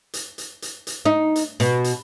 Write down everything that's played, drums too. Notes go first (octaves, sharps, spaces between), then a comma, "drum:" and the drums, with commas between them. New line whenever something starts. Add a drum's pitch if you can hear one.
drum: hi-hat
drum: hi-hat
drum: hi-hat
drum: hi-hat
D#4
drum: hi-hat
B2, drum: hi-hat
drum: hi-hat